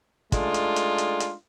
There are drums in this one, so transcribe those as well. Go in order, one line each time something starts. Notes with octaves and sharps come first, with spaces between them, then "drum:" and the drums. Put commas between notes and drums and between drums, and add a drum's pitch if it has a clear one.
G#3 A3 D4 D#4 F4, drum: kick, hi-hat
drum: hi-hat
drum: hi-hat
drum: hi-hat
drum: hi-hat